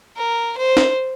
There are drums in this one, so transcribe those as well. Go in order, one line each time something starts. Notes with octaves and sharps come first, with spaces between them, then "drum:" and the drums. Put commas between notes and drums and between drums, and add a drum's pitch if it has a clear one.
A#4
C5
drum: snare